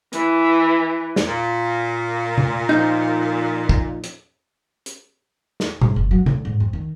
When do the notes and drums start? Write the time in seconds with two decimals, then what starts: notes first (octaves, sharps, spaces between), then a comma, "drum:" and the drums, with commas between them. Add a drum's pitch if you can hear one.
0.13 E3, drum: hi-hat
1.16 drum: snare
1.27 A#2
2.38 drum: tom C3
2.69 F3 D#4
3.69 drum: kick
4.04 drum: hi-hat
4.86 drum: hi-hat
5.60 drum: snare
5.82 G#2, drum: tom B2
5.96 F#1
6.11 F#3
6.26 D3, drum: tom C3
6.45 G#2
6.60 F2
6.73 D#3